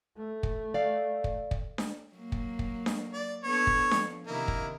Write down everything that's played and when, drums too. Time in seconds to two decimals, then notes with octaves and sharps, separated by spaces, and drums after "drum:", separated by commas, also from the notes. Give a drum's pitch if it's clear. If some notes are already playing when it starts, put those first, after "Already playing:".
0.17 A3
0.43 drum: kick
0.74 D5 F5
1.24 drum: kick
1.51 drum: kick
1.78 drum: snare D4
2.15 F#3 A#3
2.32 drum: kick
2.59 drum: kick
2.86 drum: snare D4
3.13 D5
3.43 B3 D4 A4 C#5
3.67 drum: kick
3.91 F3, drum: snare D4
4.27 C3 D#3 A#3 E4
4.48 drum: kick